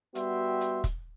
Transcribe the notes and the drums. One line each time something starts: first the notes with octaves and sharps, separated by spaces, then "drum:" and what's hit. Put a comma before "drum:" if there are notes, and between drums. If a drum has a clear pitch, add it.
G3 B3 F#4 E5 G5 C6, drum: hi-hat
drum: hi-hat
drum: kick, hi-hat